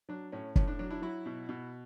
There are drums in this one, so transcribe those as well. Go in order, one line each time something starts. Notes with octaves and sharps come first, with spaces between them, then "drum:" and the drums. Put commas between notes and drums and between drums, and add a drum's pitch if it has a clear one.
F#3 D4
A2 C#4
A2 C#4, drum: kick
D4
F#3 D4
D4 E4
F#3 E4 F#4
B2
B2